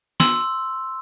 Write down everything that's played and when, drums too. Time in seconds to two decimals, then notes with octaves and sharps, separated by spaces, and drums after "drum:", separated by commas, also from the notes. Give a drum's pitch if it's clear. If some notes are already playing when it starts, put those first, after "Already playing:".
0.20 C6 E6, drum: snare